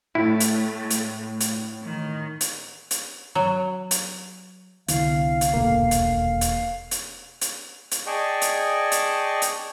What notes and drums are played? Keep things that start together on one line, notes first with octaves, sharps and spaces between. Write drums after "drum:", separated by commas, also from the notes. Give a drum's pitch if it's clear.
A2 A3 E4
drum: hi-hat
drum: hi-hat
drum: hi-hat
D#3
drum: hi-hat
drum: hi-hat
F#3
drum: hi-hat
C2 D3 B3 E4 F5, drum: hi-hat
drum: hi-hat
E1 D#2 A#3 A4
drum: hi-hat
drum: hi-hat
drum: hi-hat
drum: hi-hat
drum: hi-hat
G#4 D5 D#5 G5 A5 C#6
drum: hi-hat
drum: hi-hat
drum: hi-hat